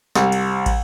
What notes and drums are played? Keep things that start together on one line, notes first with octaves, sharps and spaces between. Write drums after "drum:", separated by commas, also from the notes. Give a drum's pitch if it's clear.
C2, drum: snare
drum: cymbal
drum: kick, cymbal